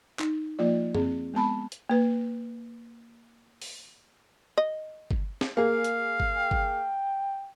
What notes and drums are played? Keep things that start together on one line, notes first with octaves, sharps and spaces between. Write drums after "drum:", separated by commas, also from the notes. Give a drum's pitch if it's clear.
D#4, drum: clap
F3 A#3 F4 D5
C4 G#4, drum: tom F#2
G#3 B3 A5 B5
drum: hi-hat
A#3 B4
drum: open hi-hat
D#5
drum: kick G1
drum: snare
A#3 G#4 F5
drum: hi-hat
drum: kick G1
G5
drum: kick G1